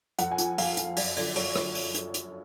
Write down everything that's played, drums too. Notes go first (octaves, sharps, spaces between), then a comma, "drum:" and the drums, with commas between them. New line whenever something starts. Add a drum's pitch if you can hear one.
F2 F#5, drum: hi-hat
G#5
F3, drum: hi-hat
F2 F5, drum: open hi-hat
F3, drum: hi-hat
F#2 D5, drum: open hi-hat
D3 F3 D5, drum: open hi-hat
F#2 C#5, drum: open hi-hat
D3 F3, drum: rim click
drum: open hi-hat
drum: hi-hat
drum: hi-hat